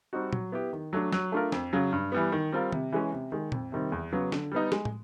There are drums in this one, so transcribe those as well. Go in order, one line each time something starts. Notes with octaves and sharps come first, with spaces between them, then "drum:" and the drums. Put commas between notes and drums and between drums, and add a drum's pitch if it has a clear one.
G3 C4 D#4 F#4
F#3, drum: tom
B3 E4 G4
D#3
F#3 A3 D4
F#3, drum: snare
A3 D4 F4 A#4
F2, drum: snare
C#3 F#3
G2
E3 G3 B3
D#3
G3 C4 F4 A#4
C3, drum: tom
E3 G#3 C#4
C3
D#3 G#3
F2, drum: tom
C3 D#3 G3 C4
E2
C#3 F#3 B3
D3, drum: snare
G3 B3 D#4
G#3, drum: snare
drum: tom